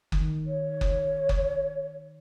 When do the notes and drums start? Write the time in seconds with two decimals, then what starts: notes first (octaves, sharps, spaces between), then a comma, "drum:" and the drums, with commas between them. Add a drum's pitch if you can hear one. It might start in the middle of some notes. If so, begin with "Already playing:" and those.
0.12 D#3, drum: kick F#1
0.46 C#5
0.81 drum: kick F#1
1.29 drum: kick F#1